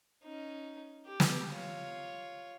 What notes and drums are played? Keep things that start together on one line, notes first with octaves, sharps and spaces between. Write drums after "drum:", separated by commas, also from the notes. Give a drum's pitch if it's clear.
C#4 D#4
G4
drum: snare
F4 C#5